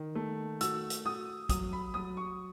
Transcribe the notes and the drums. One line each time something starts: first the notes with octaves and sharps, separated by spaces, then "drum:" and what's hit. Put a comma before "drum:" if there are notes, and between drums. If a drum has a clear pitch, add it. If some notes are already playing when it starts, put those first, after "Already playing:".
Already playing: D#3
A3
F#4 E6, drum: hi-hat
drum: hi-hat
F#4 D#6
F#3 D#6, drum: kick, hi-hat
B5
F#3 D#6
C#6